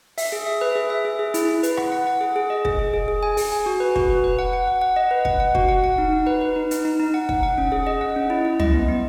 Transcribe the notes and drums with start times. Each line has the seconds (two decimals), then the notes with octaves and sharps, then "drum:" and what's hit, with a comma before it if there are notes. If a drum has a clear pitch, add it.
0.18 E5, drum: open hi-hat
0.32 G#4
0.46 E5
0.61 B4
0.76 G#4
0.90 E5
1.05 G#4
1.19 G#4
1.34 E4, drum: hi-hat
1.49 E4
1.63 B4, drum: hi-hat
1.77 F#5, drum: rim click
1.92 F#5
2.07 F#5
2.21 G#4
2.36 G#4
2.50 D#5
2.65 G#4, drum: kick
2.79 G#4
2.94 G#4
3.08 G#4
3.23 G#5
3.37 G#4, drum: open hi-hat
3.52 G#5
3.66 F#4
3.80 B4
3.96 F#4, drum: kick
4.10 B4
4.24 B4
4.39 F#5
4.53 F#5
4.67 F#5
4.81 F#5
4.96 D#5
5.11 B4
5.25 F#5, drum: kick
5.40 F#5
5.55 F#4, drum: kick
5.69 F#5
5.84 F#5
5.98 D#4
6.13 D#4
6.27 B4
6.41 B4
6.56 D#4
6.71 D#4, drum: hi-hat
6.85 D#4
7.00 D#4
7.14 F#5
7.29 F#5, drum: kick
7.43 F#5
7.58 C#4
7.72 G#4
7.87 D#5
8.01 F#5
8.16 C#4
8.30 E4
8.45 E4
8.60 D#5, drum: tom
8.74 B3
8.88 B3